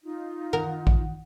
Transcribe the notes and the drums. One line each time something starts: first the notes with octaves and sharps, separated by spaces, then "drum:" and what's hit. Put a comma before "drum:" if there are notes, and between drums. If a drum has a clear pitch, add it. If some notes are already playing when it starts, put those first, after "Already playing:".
D#4 F4
D#3 A#4 F#5, drum: tom
drum: kick